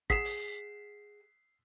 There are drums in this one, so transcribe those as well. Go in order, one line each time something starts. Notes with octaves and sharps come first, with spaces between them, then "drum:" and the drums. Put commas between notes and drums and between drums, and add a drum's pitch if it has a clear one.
G#4 F#5 B6 C7 E7, drum: kick
drum: open hi-hat